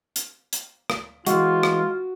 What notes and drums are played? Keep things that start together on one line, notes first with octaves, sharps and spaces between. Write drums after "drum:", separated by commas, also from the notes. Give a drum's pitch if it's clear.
drum: hi-hat
drum: hi-hat
drum: rim click
E3 G#3 F4 F#4, drum: hi-hat
drum: rim click